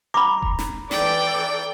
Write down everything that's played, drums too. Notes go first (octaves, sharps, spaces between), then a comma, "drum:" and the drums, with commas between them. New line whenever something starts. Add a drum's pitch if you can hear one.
A#5 B5 D6
drum: kick E1
drum: snare
E3 A4 D5 G5, drum: snare